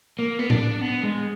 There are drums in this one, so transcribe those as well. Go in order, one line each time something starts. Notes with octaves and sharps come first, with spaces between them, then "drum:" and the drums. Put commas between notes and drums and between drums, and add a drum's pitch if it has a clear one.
A#3
B3
D4, drum: tom A2
B3
G#3